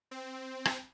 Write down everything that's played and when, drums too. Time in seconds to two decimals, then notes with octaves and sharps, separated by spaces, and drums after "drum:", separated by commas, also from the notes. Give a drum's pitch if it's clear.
0.11 C4
0.65 drum: rim click